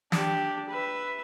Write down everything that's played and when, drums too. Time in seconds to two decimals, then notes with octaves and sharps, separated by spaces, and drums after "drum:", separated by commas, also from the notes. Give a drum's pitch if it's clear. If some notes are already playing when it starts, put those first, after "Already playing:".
0.12 D4 G4, drum: snare
0.69 B4 E5